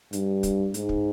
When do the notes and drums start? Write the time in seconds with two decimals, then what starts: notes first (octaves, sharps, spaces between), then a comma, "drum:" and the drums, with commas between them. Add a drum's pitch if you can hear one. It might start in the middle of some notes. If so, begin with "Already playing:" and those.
0.13 G2, drum: hi-hat
0.43 drum: kick, hi-hat
0.74 G#2, drum: hi-hat
0.89 drum: kick